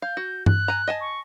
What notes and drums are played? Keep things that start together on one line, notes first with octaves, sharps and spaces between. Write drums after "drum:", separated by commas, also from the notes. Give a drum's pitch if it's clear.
F5 G6
F#4
F#6, drum: tom G2
G#5 A#5
D#5 G#5 A5
C#6